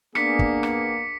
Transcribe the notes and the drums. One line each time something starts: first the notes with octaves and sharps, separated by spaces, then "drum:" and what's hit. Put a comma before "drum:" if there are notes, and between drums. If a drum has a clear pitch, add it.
A#3 B3 D4 G#4 D6 B6 C#7, drum: rim click
drum: kick
drum: rim click